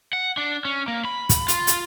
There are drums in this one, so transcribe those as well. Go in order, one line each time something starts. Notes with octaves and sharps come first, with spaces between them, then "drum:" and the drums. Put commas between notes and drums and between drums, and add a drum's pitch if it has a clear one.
F#5
D4
C#4
A#3
B5
drum: kick, hi-hat
F4, drum: hi-hat
drum: hi-hat